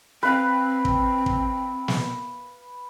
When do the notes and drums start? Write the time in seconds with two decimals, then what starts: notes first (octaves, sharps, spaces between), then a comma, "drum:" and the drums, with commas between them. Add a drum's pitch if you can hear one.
0.23 C4 B4 F5
0.85 drum: kick
1.26 drum: kick
1.88 drum: snare